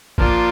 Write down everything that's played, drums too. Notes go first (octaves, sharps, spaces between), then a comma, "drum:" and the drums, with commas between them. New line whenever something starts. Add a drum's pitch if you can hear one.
F3 A#3 D4 F4, drum: kick G1